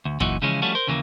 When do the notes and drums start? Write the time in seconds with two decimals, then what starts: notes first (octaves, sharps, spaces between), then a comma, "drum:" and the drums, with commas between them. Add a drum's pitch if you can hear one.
0.05 D2
0.20 F#2 A#2 E3 D#4 F#4, drum: kick
0.42 C#3 E3 F3 G#3 C#4
0.62 F3 G3 A3 C#4 F#4
0.75 A#4 C5
0.87 D#2 C#3 E3 G3 A#3